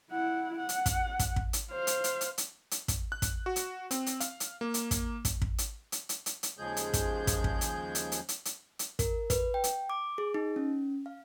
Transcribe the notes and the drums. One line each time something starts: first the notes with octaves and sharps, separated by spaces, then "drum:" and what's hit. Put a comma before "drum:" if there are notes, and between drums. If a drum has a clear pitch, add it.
E4 F#5
F#5
drum: hi-hat
drum: kick, hi-hat
drum: kick, hi-hat
drum: kick
drum: hi-hat
C5 F5
drum: hi-hat
drum: hi-hat
drum: hi-hat
drum: hi-hat
drum: hi-hat
drum: kick, hi-hat
F#6
drum: kick, hi-hat
F#4
drum: hi-hat
C4, drum: hi-hat
drum: hi-hat
F5, drum: hi-hat
drum: hi-hat
A#3
drum: hi-hat
drum: kick, hi-hat
drum: kick, hi-hat
drum: kick
drum: hi-hat
drum: hi-hat
drum: hi-hat
drum: hi-hat
drum: hi-hat
D#2 C#3 F3 G#3 G#4 G6
drum: hi-hat
drum: kick, hi-hat
drum: kick, hi-hat
drum: kick
drum: hi-hat
drum: hi-hat
drum: hi-hat
drum: hi-hat
drum: hi-hat
drum: hi-hat
A#4, drum: kick, hi-hat
B4, drum: kick, hi-hat
G5
drum: hi-hat
D6
G#4
D#4
C#4
F5